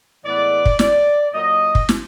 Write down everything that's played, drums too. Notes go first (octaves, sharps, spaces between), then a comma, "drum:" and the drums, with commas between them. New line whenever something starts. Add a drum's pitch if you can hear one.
A2 E3 G#3 B3 D5
drum: kick
D5, drum: snare
A#2 F#3 A#3 D#5
drum: kick
drum: snare